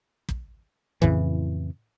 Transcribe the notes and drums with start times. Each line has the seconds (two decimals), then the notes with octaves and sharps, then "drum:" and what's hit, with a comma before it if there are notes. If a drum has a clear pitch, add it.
0.29 drum: kick
1.02 F2 A2 C#3 E3, drum: kick